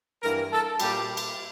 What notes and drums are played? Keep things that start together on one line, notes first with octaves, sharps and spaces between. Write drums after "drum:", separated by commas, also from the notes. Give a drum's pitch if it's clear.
G2 E3 A#3 A#4
A4
A#2 G3 A#3 G4, drum: cymbal
drum: cymbal